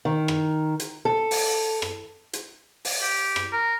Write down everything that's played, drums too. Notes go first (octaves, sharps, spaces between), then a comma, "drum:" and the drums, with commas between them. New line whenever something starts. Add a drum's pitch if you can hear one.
D#3
drum: rim click
drum: hi-hat
A4
drum: open hi-hat
drum: rim click
drum: hi-hat
drum: open hi-hat
G4
drum: rim click
A#4